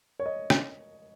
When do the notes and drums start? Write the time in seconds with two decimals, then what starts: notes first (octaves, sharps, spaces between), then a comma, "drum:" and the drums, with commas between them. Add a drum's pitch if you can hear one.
0.19 C#5
0.26 D#5
0.50 drum: rim click